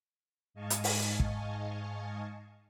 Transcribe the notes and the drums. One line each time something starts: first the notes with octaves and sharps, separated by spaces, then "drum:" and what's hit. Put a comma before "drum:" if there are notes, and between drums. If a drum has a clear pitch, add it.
G#2 D#5 F5 G#5 A5 C#6
drum: hi-hat
drum: open hi-hat
drum: kick